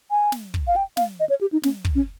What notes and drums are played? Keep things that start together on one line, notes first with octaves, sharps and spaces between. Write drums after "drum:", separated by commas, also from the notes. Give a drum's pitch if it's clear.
G#5
drum: snare
drum: kick
F5
G5
F5, drum: snare
D#5
C#5
G4
D#4
C#4, drum: snare
drum: kick
C#4